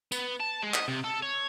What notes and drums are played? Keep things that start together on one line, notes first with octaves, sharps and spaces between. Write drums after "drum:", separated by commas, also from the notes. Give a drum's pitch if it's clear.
B3, drum: tambourine
A5
G#3
D#5, drum: clap
C3
A4
C#5